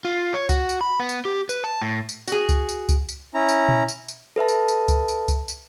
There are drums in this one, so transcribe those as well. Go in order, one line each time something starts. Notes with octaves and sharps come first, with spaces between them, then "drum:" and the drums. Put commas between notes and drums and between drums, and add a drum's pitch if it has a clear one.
F4
C#5
F#4, drum: kick C#2, tambourine
drum: tambourine
B5
B3
drum: tambourine
G4
B4, drum: tambourine
A5
A2
drum: tambourine
F#4 G#4, drum: tambourine
drum: kick C#2, tambourine
drum: tambourine
drum: kick C#2, tambourine
drum: tambourine
C#4 E4 A#5
drum: tambourine
drum: tom A#2
drum: tambourine
drum: tambourine
A4 B4 E5 A5
drum: tambourine
drum: tambourine
drum: kick C#2, tambourine
drum: tambourine
drum: kick C#2, tambourine
drum: tambourine